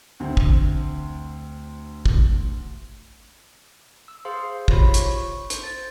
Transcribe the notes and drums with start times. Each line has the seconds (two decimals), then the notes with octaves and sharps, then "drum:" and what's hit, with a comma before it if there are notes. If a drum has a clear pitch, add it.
0.20 D2 C4
0.37 drum: kick
2.06 drum: kick
4.08 E6
4.25 G#4 C5 F5 C6
4.68 F4 G4 C5 C#5 B5, drum: kick
4.94 C#6, drum: hi-hat
5.50 C5, drum: hi-hat
5.63 A6